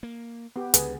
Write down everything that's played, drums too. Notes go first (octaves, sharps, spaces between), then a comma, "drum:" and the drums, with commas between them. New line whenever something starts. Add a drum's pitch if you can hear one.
A#3
B3 G4
C#2 D3 G#4 B4, drum: hi-hat